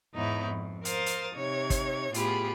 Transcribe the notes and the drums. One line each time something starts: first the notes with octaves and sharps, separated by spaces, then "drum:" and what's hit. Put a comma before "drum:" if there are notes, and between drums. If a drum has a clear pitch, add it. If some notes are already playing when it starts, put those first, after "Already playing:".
E2 G#2 B3 D#4 E4 C#5
F2
A#4 C5 F5 D#6 A6, drum: hi-hat
drum: hi-hat
C3 D#4 C#5 G#6
drum: kick, hi-hat
A2 B3 F4 G4 G#4 B5, drum: hi-hat